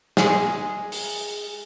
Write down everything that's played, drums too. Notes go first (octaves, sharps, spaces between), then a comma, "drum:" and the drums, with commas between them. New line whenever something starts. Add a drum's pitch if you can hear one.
G#3 G#4, drum: snare
drum: open hi-hat